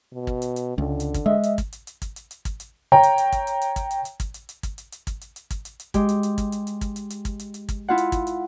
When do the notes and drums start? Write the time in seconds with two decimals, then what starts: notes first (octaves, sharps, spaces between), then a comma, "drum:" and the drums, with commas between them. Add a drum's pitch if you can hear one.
0.13 B2
0.27 drum: kick
0.42 drum: hi-hat
0.56 drum: hi-hat
0.78 C#2 D3
1.00 drum: hi-hat
1.14 drum: kick, hi-hat
1.26 G#3 D#5 E5
1.43 drum: hi-hat
1.58 drum: kick, hi-hat
1.73 drum: hi-hat
1.87 drum: hi-hat
2.02 drum: kick, hi-hat
2.16 drum: hi-hat
2.31 drum: hi-hat
2.45 drum: kick, hi-hat
2.60 drum: hi-hat
2.92 C#5 G5 A#5
3.03 drum: hi-hat
3.18 drum: hi-hat
3.32 drum: kick, hi-hat
3.47 drum: hi-hat
3.62 drum: hi-hat
3.76 drum: kick, hi-hat
3.91 drum: hi-hat
4.05 drum: hi-hat
4.20 drum: kick, hi-hat
4.34 drum: hi-hat
4.49 drum: hi-hat
4.63 drum: kick, hi-hat
4.78 drum: hi-hat
4.92 drum: hi-hat
5.07 drum: kick, hi-hat
5.21 drum: hi-hat
5.36 drum: hi-hat
5.50 drum: kick, hi-hat
5.65 drum: hi-hat
5.80 drum: hi-hat
5.94 G#3 G4, drum: kick, hi-hat
6.09 drum: hi-hat
6.23 drum: hi-hat
6.38 drum: kick, hi-hat
6.52 drum: hi-hat
6.67 drum: hi-hat
6.81 drum: kick, hi-hat
6.96 drum: hi-hat
7.10 drum: hi-hat
7.25 drum: kick, hi-hat
7.39 drum: hi-hat
7.54 drum: hi-hat
7.69 drum: kick, hi-hat
7.88 E4 F4 F#5
7.98 drum: hi-hat
8.12 drum: kick, hi-hat
8.27 drum: hi-hat